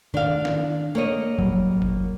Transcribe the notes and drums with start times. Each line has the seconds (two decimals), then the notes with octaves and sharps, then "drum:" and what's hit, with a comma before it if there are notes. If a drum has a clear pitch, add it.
0.14 D#3 D4 F5
0.45 drum: snare
0.95 A#3 C#5 D#5
1.39 F#3 G3, drum: kick G1
1.82 drum: kick G1